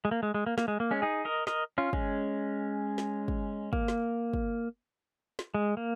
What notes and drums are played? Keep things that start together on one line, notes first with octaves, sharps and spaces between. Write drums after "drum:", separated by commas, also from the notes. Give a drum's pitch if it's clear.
G#3
A#3
G#3
G#3
A#3
A#3, drum: snare
G#3
A#3
G#3 C#4
D#4 G#4
A#4 D#5
A#4 D#5, drum: snare
C#4 F4
G#3 C#4, drum: kick
drum: snare
drum: kick
A#3, drum: kick
drum: snare
drum: kick
drum: snare
G#3
A#3